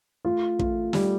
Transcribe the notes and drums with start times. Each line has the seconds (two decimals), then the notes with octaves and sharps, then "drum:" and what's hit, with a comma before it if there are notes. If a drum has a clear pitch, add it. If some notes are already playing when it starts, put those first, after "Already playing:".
0.25 A3 F4
0.59 A3 F4, drum: kick
0.93 G3 A3 G4, drum: snare